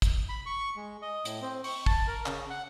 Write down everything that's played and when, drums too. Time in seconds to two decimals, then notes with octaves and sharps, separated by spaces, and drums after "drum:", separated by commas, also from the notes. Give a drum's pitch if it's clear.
0.02 drum: kick, hi-hat
0.29 B5
0.46 C#6
0.76 G#3
1.02 D#5
1.25 A2, drum: hi-hat
1.42 C4
1.64 C#6, drum: open hi-hat
1.86 A5, drum: kick
2.08 A#4
2.26 C#3, drum: clap
2.50 F#5